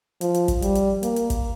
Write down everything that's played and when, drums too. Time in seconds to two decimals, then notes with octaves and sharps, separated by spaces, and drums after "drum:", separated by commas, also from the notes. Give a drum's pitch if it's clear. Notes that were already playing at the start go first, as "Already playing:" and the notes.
0.21 F3, drum: hi-hat
0.34 drum: hi-hat
0.48 drum: kick, hi-hat
0.62 G3, drum: hi-hat
0.75 drum: hi-hat
1.03 A#3, drum: hi-hat
1.16 drum: hi-hat
1.30 drum: kick, hi-hat